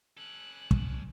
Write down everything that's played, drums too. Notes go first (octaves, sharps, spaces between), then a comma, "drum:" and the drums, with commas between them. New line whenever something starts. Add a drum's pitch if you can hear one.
C#4 A4 F#6
drum: kick